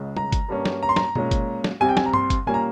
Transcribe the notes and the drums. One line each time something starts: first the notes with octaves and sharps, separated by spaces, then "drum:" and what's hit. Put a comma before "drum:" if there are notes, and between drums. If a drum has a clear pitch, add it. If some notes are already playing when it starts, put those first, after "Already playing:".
Already playing: C#2 C#3 G#3
A#5, drum: tom
drum: kick G1, hi-hat
G2 G3 A#3 C#4
drum: snare
A#5
C6
A#5, drum: snare
A#2 G#3 C#4, drum: tom B2
drum: kick G1, hi-hat
drum: snare
C2 C3 G3 C4 G#5
G5
G#5, drum: snare
A#5
C6, drum: tom G2
drum: kick G1, hi-hat
A#2 G3 A#3 C#4 G#5
A#5